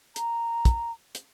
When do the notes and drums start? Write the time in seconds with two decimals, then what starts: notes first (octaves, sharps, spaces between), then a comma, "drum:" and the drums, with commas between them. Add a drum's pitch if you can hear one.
0.16 A#5, drum: hi-hat
0.65 drum: kick, hi-hat
1.15 drum: hi-hat